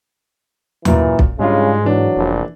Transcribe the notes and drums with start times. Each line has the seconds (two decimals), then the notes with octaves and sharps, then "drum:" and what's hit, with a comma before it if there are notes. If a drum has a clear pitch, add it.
0.85 F#2 A#2 E3, drum: tom D#2
1.19 drum: kick B1
1.39 G#2 C#3 G3 G#3 D4 F4
1.85 E3 F#3 D4
2.16 F1 A#1